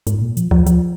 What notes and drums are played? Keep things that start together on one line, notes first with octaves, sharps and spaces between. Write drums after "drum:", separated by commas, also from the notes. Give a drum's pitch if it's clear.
G#2, drum: hi-hat
A#2
F3, drum: hi-hat
F3, drum: tom D2
F3, drum: hi-hat